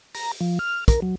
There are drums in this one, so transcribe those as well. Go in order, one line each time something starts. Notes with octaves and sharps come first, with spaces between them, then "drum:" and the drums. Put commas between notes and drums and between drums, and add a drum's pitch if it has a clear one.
A#5, drum: open hi-hat
F3
F6
A#4, drum: kick, hi-hat
F#3